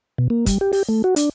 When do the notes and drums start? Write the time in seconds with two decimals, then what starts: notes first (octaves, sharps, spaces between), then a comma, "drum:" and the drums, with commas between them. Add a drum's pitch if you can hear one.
0.18 B2
0.30 A#3
0.46 G3, drum: kick, hi-hat
0.61 G4
0.73 G4, drum: open hi-hat
0.89 A3
1.04 F#4
1.16 D4, drum: hi-hat